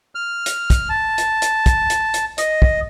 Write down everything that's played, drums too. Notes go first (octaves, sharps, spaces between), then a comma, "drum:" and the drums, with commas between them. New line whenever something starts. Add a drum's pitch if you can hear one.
F6
drum: hi-hat
drum: kick, hi-hat
A5
drum: hi-hat
drum: hi-hat
drum: kick, hi-hat
drum: hi-hat
drum: hi-hat
D#5, drum: hi-hat
drum: kick